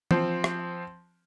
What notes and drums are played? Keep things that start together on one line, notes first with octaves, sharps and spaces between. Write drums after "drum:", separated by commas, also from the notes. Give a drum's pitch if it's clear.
F3 C4 C6, drum: tom E3
drum: rim click